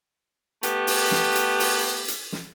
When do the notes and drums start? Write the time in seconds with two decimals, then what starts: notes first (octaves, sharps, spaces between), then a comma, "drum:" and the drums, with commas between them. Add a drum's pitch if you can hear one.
0.63 A3 B3 G4, drum: hi-hat
0.87 drum: open hi-hat
1.11 drum: snare
1.36 drum: hi-hat
1.60 drum: open hi-hat
2.08 drum: hi-hat
2.32 drum: snare